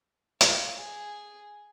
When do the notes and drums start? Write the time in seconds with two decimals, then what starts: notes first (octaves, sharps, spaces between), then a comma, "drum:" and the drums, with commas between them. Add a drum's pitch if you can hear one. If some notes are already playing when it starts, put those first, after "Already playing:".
0.41 F5, drum: hi-hat
0.78 G#4